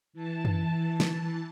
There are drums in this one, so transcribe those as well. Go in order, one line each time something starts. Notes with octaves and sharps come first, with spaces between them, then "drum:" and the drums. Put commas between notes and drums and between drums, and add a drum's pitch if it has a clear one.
E3 A5
drum: tom F#2
drum: snare